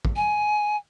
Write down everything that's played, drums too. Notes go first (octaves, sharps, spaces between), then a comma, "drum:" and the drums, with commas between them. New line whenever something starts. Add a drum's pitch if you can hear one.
drum: kick
G#5